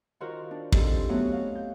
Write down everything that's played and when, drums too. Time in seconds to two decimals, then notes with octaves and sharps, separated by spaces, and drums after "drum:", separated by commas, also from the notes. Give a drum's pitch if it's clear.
0.20 D#3 F4 F#4 A#4 C5
0.51 D4
0.72 G#2 C4 G4 A4 C5, drum: kick
1.09 F#3 A3 B3 C#4 F#4
1.32 F5
1.55 G6